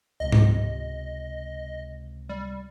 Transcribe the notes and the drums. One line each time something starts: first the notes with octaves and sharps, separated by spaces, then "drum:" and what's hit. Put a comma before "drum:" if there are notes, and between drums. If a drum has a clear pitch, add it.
C#2 C3 D#5
drum: tom G#2
G3